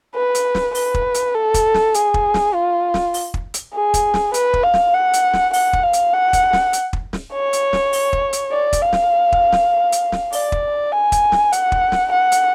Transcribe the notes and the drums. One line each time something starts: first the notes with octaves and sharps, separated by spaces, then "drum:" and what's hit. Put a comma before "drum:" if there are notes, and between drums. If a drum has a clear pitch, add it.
B4
drum: hi-hat
drum: snare
B4, drum: open hi-hat
drum: kick
drum: hi-hat
A4
drum: kick, hi-hat
drum: snare
G#4, drum: hi-hat
drum: kick
drum: snare
F4
drum: snare
drum: open hi-hat
drum: kick
drum: hi-hat
G#4
drum: kick, hi-hat
drum: snare
B4, drum: hi-hat
drum: kick
F5
drum: snare
F#5
drum: hi-hat
drum: snare
F#5, drum: open hi-hat
drum: kick
F5
drum: hi-hat
F#5
drum: kick, hi-hat
drum: snare
drum: hi-hat
drum: kick
drum: snare
C#5
drum: hi-hat
drum: snare
drum: open hi-hat
drum: kick
drum: hi-hat
D5
drum: kick, hi-hat
F5
drum: snare
drum: kick
drum: snare
drum: hi-hat
drum: snare
D5, drum: open hi-hat
drum: kick
G#5
drum: kick, hi-hat
drum: snare
F#5, drum: hi-hat
drum: kick
drum: snare
F#5
drum: hi-hat